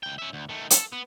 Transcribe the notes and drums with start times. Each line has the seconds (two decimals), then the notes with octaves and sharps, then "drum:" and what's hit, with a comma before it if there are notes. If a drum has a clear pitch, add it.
0.03 C#2 G5
0.18 C#4 E5
0.33 D2
0.49 D#3 A3
0.71 A4, drum: hi-hat
0.92 B3